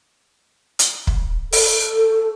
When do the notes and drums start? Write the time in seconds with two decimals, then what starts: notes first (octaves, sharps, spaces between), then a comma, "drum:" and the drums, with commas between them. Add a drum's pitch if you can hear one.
0.79 drum: hi-hat
1.07 drum: kick
1.52 A4, drum: open hi-hat